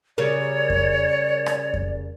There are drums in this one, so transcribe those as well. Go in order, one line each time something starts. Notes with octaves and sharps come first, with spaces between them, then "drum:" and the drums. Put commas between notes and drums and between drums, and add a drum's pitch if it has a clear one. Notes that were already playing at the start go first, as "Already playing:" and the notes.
C#3 G3 A#4 C#5 D5
drum: kick F2
drum: rim click
drum: kick F2